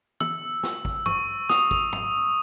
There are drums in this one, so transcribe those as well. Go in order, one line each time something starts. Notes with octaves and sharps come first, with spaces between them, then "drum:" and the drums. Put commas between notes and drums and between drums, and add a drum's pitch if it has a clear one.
E6, drum: tom
drum: snare
drum: kick
C#6, drum: tom
D#6, drum: snare
drum: kick
drum: tom